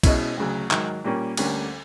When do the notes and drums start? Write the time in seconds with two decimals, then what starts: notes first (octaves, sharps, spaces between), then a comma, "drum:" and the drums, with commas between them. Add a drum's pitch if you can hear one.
0.03 B2 G#3 C#4 E4, drum: kick B1, cymbal
0.37 D2 C#3 F#3
0.71 G#2 D#3 F#3, drum: clap
1.04 A#2 G3 A#3 C#4
1.37 D2 D3 G3 A#3 C#4, drum: cymbal